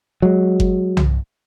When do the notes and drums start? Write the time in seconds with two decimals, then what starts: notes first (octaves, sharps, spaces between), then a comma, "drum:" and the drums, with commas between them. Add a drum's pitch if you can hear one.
0.22 F#3 G#3
0.60 drum: kick F#1
0.97 drum: tom C2